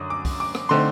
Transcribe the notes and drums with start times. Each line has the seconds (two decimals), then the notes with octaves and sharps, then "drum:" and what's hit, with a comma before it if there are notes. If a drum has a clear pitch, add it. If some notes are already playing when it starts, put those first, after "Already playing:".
Already playing: F#2 D3 D6 D#6
0.10 D6
0.25 drum: kick, open hi-hat
0.40 D6
0.55 drum: rim click
0.69 D3 A3 C4 D#4 C6